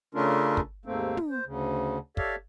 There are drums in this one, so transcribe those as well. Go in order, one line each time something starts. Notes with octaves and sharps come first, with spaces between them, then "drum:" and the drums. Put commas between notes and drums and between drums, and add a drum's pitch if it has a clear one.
C#3 A3 C#4 D4 F4 A#4
drum: kick
D#2 G#2 A3 A#3 C4
drum: tom
C5
D2 C#3
G4 A4 C#5 D5 E5 F5, drum: kick